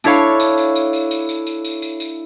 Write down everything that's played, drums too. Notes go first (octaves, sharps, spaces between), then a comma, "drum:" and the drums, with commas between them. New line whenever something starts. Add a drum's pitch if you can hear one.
D4 E4 A4 C#5 F5, drum: tambourine
drum: tambourine
drum: tambourine
drum: tambourine
drum: tambourine
drum: tambourine
drum: tambourine
drum: tambourine
drum: tambourine
drum: tambourine
drum: tambourine